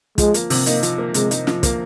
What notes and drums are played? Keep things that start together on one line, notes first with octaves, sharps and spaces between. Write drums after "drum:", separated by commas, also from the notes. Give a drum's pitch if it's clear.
F3 G#3, drum: kick, hi-hat
A#3, drum: hi-hat
C3, drum: open hi-hat
A#3 D#4, drum: hi-hat
F3, drum: hi-hat
A#3
C3 G#3, drum: hi-hat
D#4, drum: hi-hat
F3, drum: snare
A#3, drum: kick, hi-hat